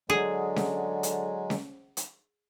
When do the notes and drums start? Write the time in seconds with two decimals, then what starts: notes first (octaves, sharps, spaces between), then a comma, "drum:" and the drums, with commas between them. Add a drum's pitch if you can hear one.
0.10 D3 F#3 G#3 G#4
0.56 drum: snare C#4
1.03 drum: hi-hat
1.50 drum: snare C#4
1.97 drum: hi-hat